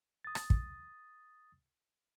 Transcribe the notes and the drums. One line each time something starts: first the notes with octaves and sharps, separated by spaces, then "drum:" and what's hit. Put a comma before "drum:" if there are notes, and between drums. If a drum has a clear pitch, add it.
D#6 A6
drum: rim click
drum: kick